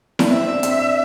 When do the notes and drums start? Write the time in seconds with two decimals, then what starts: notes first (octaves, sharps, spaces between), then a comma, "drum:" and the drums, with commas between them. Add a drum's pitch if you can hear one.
0.19 D4, drum: snare E4
0.29 C4 E5
0.46 D4
0.63 C4, drum: hi-hat
0.79 D4